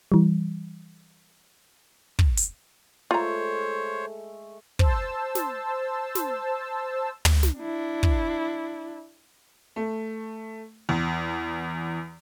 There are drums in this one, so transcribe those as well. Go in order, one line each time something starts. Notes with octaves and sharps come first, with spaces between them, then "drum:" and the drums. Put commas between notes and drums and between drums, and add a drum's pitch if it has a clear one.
E3 G3
drum: kick
drum: hi-hat
G#3 A3 F4 C5 C#5 A#5
C5 A5 E6, drum: kick
drum: snare
drum: snare
drum: tom
drum: snare
D4 E4
drum: kick
A3
E2